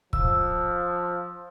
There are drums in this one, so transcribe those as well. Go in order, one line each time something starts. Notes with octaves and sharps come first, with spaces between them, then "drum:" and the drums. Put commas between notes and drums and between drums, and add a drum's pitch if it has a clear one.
F3 E6, drum: kick C#1